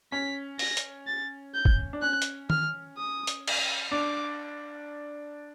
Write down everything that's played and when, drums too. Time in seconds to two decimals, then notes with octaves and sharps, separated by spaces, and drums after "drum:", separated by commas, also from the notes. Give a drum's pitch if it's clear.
0.12 C#4 B6
0.59 A#6, drum: open hi-hat
0.77 drum: hi-hat
1.07 A6
1.54 G6
1.65 drum: kick
1.93 D4
2.02 C#4 F#6
2.22 drum: hi-hat
2.50 F6, drum: tom D#3
2.97 D#6
3.27 drum: hi-hat
3.48 drum: cymbal
3.91 D4 D6